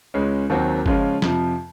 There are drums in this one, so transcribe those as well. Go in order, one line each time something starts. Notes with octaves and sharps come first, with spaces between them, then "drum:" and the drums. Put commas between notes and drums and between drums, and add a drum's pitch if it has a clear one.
C#2 C#3 G#3 C#4
D#2 D#3 F#3 C4 F#4
C#3 F3 G#3 C#4 F4, drum: kick
F2 C3 F3, drum: snare